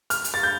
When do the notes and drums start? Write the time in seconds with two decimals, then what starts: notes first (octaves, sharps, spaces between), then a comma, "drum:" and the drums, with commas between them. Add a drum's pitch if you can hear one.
0.10 F6, drum: hi-hat
0.24 drum: hi-hat
0.34 A6
0.43 G6